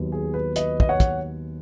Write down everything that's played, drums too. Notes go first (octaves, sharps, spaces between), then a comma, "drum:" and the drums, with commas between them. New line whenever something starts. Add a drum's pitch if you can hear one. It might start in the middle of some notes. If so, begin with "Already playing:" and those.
Already playing: D#2 D#3 F#3 B3
G#4
B4
B4 D#5, drum: hi-hat
D#5, drum: kick
C#5 F#5
drum: kick, hi-hat